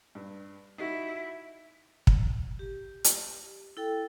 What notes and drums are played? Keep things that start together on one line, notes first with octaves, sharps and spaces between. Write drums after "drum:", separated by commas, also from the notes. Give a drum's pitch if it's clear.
G2
D#4 E4 F#4
drum: kick
G4
drum: hi-hat
E4 A4 G5